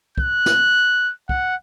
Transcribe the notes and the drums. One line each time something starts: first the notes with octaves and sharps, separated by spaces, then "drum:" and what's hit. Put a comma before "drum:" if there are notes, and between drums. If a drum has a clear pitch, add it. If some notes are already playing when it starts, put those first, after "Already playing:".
F#6, drum: kick
drum: snare
F#5, drum: kick